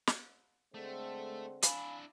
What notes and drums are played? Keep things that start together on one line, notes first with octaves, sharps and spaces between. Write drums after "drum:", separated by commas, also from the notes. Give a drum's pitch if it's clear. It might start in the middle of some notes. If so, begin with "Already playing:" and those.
drum: snare
D3 G#3 A3 C4
D4 E4 F5 G#5 B5, drum: hi-hat